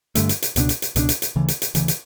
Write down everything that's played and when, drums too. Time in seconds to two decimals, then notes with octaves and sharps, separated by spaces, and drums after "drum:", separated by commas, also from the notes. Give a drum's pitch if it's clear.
0.15 G2 D3 A3, drum: hi-hat
0.29 drum: hi-hat
0.42 drum: hi-hat
0.56 C#2 B2 A3 D4, drum: hi-hat
0.69 drum: hi-hat
0.82 drum: hi-hat
0.96 C#2 B2 A3 D4, drum: hi-hat
1.09 drum: hi-hat
1.22 drum: hi-hat
1.36 D2 C#3 E3
1.48 drum: hi-hat
1.62 drum: hi-hat
1.75 D2 C#3 E3, drum: hi-hat
1.88 drum: hi-hat